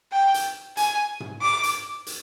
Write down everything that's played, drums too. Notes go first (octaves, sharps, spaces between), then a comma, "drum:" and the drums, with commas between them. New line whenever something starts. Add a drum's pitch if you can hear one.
G5
drum: hi-hat
G#5, drum: hi-hat
drum: tom
D6
drum: hi-hat
drum: hi-hat